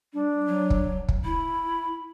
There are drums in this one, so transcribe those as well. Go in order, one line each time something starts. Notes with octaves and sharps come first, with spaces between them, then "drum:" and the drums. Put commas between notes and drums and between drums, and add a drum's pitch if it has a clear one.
G3 D4
F#3
drum: kick
drum: kick
E4 B5